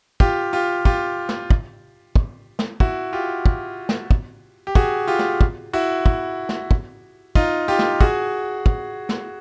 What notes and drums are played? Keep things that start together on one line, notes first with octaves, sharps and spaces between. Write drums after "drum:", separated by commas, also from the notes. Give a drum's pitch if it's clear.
F4 G4, drum: kick
F4 G4
F4 G4, drum: kick
drum: snare
drum: kick
drum: kick
drum: snare
E4 F#4, drum: kick
F4 G4
drum: kick
drum: snare
drum: kick
G4
F#4 G#4, drum: kick
F4 G4
drum: snare
drum: kick
E4 F#4
drum: kick
drum: snare
drum: kick
D#4 F4, drum: kick
F4 G4
drum: snare
F#4 G#4, drum: kick
drum: kick
drum: snare